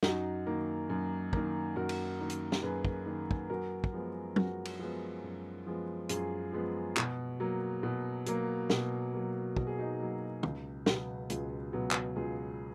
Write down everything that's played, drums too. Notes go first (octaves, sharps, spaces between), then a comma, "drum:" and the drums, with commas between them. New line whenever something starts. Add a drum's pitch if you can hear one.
F#2 D#4 F#4, drum: snare
D#3 A#3
F#2
D#3 A#3, drum: kick
F#2 F#4 A#4
drum: cymbal
D#3 A#3
drum: hi-hat
drum: snare
F#2 G#4 B4
drum: kick
D#3 A#3
drum: kick
F#2 F#4 A#4
drum: kick
F3 G#3 B3
F#2 F#4 A#4, drum: tom
drum: cymbal
F3 G#3 B3
F#2
F3 G#3 B3
F#2 F4 G#4, drum: hi-hat
F3 G#3 B3
B2, drum: clap
F#3 A#3
B2
F#3 A#3, drum: hi-hat
B2, drum: snare
F#3 A#3
B2 F#4, drum: kick
G#4
D#4 F#4
F#3 A#3
C#2, drum: tom
B2 F#3 B3, drum: snare
C#2 F4 G#4, drum: hi-hat
B2 F#3 B3
drum: clap
C#2 F4 G#4